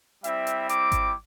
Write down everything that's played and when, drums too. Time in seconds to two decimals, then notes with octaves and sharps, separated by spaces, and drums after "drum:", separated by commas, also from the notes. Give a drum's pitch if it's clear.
0.24 G3 C4 E4 E5, drum: hi-hat
0.47 drum: hi-hat
0.69 D6, drum: hi-hat
0.92 drum: kick G#1, hi-hat